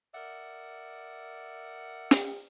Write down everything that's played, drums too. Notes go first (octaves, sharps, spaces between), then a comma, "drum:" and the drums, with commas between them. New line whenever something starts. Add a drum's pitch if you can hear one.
A#4 D5 E5 F#5
drum: snare